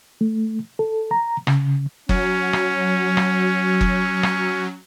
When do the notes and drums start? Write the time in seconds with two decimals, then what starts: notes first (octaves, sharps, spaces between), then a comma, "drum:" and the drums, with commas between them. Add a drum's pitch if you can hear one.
0.21 A3
0.79 A4
1.11 A#5
1.47 C#3, drum: rim click
2.09 F#3 C#4, drum: kick F#1
2.53 drum: rim click
3.17 drum: rim click
3.81 drum: kick F#1
4.23 drum: rim click